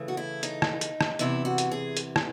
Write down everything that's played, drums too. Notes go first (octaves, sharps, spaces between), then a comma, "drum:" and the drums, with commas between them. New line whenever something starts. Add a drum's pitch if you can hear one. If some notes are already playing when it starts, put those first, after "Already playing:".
Already playing: C#3 E3 A3
F#4
E4
D#4, drum: hi-hat
drum: rim click
drum: hi-hat
drum: rim click
E2 C3 E3 E4, drum: hi-hat
F#4
drum: hi-hat
G#4
drum: hi-hat
drum: rim click